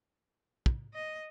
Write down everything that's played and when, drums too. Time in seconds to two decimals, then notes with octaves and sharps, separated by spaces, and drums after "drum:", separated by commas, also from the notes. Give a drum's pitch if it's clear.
0.66 drum: kick
0.94 D#5